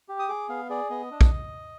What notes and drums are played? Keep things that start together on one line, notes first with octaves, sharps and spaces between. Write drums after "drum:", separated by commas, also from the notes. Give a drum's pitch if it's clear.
G4
D#6
G#4 D6
B3 F5
G#4 D5
B3 D#5
D4
drum: kick